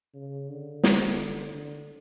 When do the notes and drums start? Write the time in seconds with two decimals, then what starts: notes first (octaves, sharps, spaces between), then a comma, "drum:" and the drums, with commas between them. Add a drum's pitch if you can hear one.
0.14 C#3
0.49 D3
0.83 drum: snare
1.53 D3